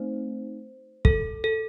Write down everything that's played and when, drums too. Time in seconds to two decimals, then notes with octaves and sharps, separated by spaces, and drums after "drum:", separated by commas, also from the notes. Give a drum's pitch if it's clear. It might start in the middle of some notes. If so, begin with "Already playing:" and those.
Already playing: A3 C4 D#4 C5
1.05 A4, drum: kick
1.44 A4